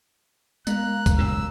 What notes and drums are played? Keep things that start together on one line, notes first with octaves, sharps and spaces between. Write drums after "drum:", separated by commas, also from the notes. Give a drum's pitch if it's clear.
G#3 B3 A#4 F5 A#5 F#6, drum: tambourine
drum: kick, tambourine
F#1 G2 A#2 E6